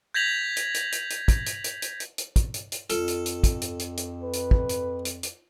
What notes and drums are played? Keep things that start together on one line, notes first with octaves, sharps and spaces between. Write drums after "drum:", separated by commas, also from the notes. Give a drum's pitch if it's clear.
G6 G#6 A#6 B6 F7 F#7
drum: hi-hat
drum: hi-hat
drum: hi-hat
drum: hi-hat
drum: kick, hi-hat
drum: hi-hat
drum: hi-hat
drum: hi-hat
drum: hi-hat
drum: hi-hat
drum: kick, hi-hat
drum: hi-hat
drum: hi-hat
F2 F4 A4, drum: hi-hat
drum: hi-hat
drum: hi-hat
drum: kick, hi-hat
drum: hi-hat
drum: hi-hat
drum: hi-hat
B4
drum: hi-hat
drum: kick
drum: hi-hat
drum: hi-hat
drum: hi-hat